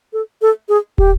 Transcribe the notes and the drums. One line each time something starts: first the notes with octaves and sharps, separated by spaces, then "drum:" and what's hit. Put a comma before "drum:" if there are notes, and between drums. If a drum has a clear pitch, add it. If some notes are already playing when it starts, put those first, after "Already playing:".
A4
A4
G#4
G4, drum: kick